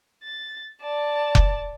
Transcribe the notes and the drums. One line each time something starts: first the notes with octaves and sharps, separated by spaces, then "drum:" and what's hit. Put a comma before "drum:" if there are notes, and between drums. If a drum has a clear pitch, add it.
A6
D5 A5
drum: kick F1